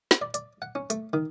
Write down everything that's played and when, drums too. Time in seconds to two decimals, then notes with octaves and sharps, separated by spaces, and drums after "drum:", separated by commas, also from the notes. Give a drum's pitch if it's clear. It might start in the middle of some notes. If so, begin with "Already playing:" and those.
0.11 drum: snare
0.21 D5
0.34 D5, drum: hi-hat
0.62 F#5
0.75 C#4
0.90 A3, drum: hi-hat
1.13 D#3